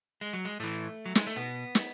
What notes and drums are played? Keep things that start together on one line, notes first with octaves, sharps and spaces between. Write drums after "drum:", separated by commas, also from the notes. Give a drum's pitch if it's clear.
G#3
F#3
G#3
A2 E3 A3
F#3
G#3, drum: snare
A3
B2 B3
drum: snare